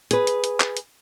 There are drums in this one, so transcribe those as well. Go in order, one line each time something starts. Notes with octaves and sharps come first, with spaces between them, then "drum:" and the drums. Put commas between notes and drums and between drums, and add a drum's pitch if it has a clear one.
G#4 B4, drum: hi-hat
drum: hi-hat
drum: hi-hat
drum: clap
drum: hi-hat